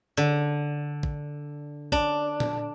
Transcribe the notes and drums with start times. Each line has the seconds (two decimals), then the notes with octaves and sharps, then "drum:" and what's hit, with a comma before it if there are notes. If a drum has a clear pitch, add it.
0.17 D3
1.03 drum: kick
1.92 D4, drum: kick
2.40 drum: tom A#2